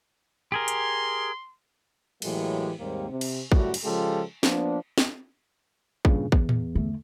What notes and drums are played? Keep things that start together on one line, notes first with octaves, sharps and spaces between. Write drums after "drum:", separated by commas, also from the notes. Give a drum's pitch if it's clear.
G4 G#4 A#4 C6
drum: hi-hat
A2 E3 F#3 G#3 A#3 G4, drum: cymbal
D#2 G#2 G3 A#3 C4
C3
drum: cymbal
F#2 A2 C#3 G3 A3 F#4, drum: kick
drum: cymbal
C#3 F3 G#3 F4 G4 A4
F3 A#3 B3 D4, drum: snare
drum: snare
G2 A#2 C#3, drum: kick
E2, drum: kick
drum: tom A2
D3 A3